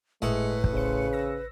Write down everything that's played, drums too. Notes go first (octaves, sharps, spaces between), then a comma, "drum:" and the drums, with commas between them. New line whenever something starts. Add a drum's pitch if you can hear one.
G1 A2 G#3 B4 D#6 C#7
drum: kick
A1 C#3 C5 C#7
E6 A#6